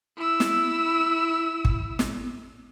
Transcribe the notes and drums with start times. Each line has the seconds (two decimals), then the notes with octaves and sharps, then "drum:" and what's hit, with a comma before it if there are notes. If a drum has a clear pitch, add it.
0.17 E4 E6
0.40 drum: snare
1.65 drum: kick
1.99 drum: snare